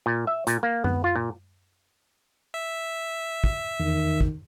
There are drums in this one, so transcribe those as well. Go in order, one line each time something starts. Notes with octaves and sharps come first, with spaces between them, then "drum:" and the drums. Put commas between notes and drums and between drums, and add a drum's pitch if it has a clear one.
A#2
E5
A#2, drum: hi-hat
A#3
B3, drum: tom F#2
F4
A#2
E5
drum: kick
E2 D#3
drum: kick